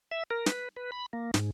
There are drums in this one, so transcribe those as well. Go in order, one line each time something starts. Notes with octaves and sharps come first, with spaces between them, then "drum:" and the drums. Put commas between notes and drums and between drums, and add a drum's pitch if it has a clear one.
E5
A#4
B4, drum: snare
B4
B5
A#3
G#2, drum: snare